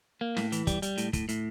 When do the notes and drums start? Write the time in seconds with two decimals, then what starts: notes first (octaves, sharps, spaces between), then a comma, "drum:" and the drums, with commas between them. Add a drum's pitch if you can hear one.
0.21 A#3
0.37 A2, drum: snare
0.52 E3, drum: hi-hat
0.67 G3, drum: kick, hi-hat
0.82 G3, drum: hi-hat
0.98 A2, drum: hi-hat
1.13 A2, drum: kick, hi-hat
1.29 A2, drum: hi-hat